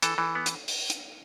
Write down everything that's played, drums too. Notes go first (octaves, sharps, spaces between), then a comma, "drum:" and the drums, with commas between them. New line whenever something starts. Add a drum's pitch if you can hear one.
E3 A4, drum: hi-hat
E3
B3
drum: hi-hat
drum: open hi-hat
drum: hi-hat